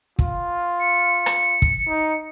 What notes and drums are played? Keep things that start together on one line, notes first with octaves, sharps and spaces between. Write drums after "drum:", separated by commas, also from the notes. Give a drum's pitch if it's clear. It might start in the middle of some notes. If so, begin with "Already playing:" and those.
F4, drum: kick
C#7
drum: rim click
drum: kick
D#4